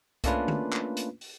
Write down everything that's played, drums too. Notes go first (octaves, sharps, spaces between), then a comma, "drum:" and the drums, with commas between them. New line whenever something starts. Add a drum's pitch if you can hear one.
A3 A#3 C#4 D4 F4 B4, drum: kick C2, hi-hat
drum: tom D3
drum: clap
drum: hi-hat
drum: open hi-hat